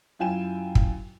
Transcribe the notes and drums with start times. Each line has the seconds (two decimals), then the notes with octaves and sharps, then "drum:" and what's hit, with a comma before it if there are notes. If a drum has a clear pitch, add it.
0.19 F#2 E4 F4 G5 G#5 E7
0.75 drum: kick